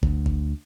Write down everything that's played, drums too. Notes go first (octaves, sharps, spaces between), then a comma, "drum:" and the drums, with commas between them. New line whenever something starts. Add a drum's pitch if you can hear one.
D2, drum: kick G1
drum: kick G1